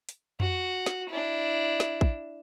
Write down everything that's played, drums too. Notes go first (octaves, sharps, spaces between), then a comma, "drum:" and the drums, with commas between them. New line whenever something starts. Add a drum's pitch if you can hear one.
drum: hi-hat
F#4, drum: tom F2
drum: snare
D4 E4
drum: snare
drum: kick